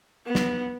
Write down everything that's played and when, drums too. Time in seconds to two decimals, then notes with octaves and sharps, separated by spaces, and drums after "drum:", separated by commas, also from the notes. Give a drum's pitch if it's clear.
0.26 B3
0.35 drum: snare